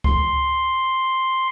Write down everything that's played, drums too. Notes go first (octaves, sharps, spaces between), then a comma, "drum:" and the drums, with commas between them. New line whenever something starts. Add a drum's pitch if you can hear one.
C6, drum: kick C#2